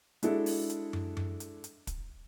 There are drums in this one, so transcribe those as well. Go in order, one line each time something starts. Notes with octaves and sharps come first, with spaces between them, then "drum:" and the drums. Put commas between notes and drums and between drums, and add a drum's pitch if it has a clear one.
G#3 D4 E4 F#4 A4, drum: hi-hat
drum: open hi-hat
drum: hi-hat
drum: tom F#2
drum: tom F#2
drum: hi-hat
drum: hi-hat
drum: kick, hi-hat